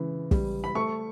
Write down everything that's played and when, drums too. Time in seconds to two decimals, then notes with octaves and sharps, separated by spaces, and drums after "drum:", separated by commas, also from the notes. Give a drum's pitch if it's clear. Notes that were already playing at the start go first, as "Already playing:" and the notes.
Already playing: C#3 E3
0.31 G3, drum: kick
0.64 B5
0.75 A3 C#6